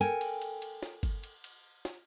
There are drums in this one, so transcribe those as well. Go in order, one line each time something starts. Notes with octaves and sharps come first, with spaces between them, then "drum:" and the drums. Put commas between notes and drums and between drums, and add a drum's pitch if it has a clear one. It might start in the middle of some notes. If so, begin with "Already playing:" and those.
A4 A#4 G5 G#5
drum: cymbal
drum: cymbal
drum: cymbal
drum: snare
drum: kick G1, cymbal
drum: cymbal
drum: cymbal
drum: snare